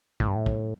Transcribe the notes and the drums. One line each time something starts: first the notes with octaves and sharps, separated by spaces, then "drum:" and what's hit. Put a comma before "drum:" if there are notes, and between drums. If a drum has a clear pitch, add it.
A2, drum: kick
G2
A2
drum: kick